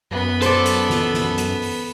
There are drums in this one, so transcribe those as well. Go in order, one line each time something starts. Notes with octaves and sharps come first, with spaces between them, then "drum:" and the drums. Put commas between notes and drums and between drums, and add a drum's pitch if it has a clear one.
F#2 B3 B5
A4 C5 D5, drum: hi-hat
drum: hi-hat
drum: snare
drum: snare
drum: hi-hat
drum: open hi-hat